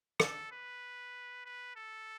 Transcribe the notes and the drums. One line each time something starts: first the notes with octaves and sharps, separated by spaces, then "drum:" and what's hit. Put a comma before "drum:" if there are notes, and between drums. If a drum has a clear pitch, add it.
A4, drum: rim click
B4
B4
A4